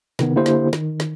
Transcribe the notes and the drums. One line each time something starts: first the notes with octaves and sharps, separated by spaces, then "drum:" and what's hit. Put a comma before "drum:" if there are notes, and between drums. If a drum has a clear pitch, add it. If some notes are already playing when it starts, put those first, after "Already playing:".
C3 D#3 B3, drum: snare
D3 A#3 E4 G4 C5
drum: snare
D#3, drum: snare
drum: snare